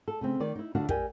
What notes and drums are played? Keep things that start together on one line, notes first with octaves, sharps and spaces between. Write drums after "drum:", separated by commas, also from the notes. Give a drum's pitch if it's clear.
A4
C#3 A3 C4
D#3 D5
D#4 E4
D2 D3 D4 F#4 F5
G4 A#4 D5 E5 G5 G#5, drum: kick